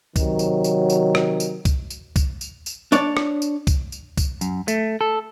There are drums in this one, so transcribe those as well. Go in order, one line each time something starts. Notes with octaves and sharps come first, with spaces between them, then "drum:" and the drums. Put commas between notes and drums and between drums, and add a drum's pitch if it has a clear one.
C3 D#3 F#3, drum: kick C2, tambourine
drum: tambourine
drum: tambourine
drum: tambourine
drum: rim click
drum: tambourine
drum: kick C2, tambourine
drum: tambourine
drum: kick C2, tambourine
drum: tambourine
drum: tambourine
D4 C#5 D5, drum: tambourine
drum: rim click
drum: tambourine
drum: kick C2, tambourine
drum: tambourine
drum: kick C2, tambourine
F#2, drum: tambourine
A3, drum: tambourine
A4